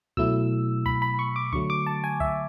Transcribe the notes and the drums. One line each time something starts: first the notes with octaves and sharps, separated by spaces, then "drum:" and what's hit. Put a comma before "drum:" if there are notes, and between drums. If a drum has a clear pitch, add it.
B2 F#3 A3 E4 E6, drum: kick C2
B5, drum: kick C2
B5
C#6
D6
D3 F#3 A3 C#6, drum: kick C2
D6
A5
G#5
E5, drum: kick C2